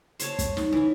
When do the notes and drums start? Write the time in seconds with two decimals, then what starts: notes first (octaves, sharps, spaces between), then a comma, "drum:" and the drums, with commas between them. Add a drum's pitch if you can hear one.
0.19 C5 C#5 A5, drum: hi-hat
0.39 drum: kick, hi-hat
0.57 D#4, drum: snare
0.73 E3 C#4